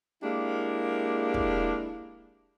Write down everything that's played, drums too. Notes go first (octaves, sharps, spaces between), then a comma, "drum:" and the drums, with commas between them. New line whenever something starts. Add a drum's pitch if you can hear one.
G#3 A#3 D4 E4 G4
drum: kick